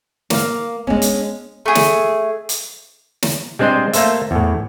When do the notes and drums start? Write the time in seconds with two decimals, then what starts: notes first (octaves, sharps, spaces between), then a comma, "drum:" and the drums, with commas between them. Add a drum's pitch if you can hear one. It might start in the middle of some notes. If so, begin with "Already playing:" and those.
0.30 A#3 F5, drum: snare
0.87 G#3 B3 C#4 D4
1.02 drum: hi-hat
1.66 A3 G#4
1.75 drum: snare
2.49 drum: hi-hat
3.22 drum: snare
3.59 G3 G#3 C4 D4 C5 D#5
3.93 A3 A#3 A4 C5 E5, drum: hi-hat
4.31 E2 A2